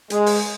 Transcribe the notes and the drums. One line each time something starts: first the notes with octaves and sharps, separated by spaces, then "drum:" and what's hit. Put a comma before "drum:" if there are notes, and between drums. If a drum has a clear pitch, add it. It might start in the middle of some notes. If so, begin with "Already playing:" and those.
G#3, drum: hi-hat
drum: open hi-hat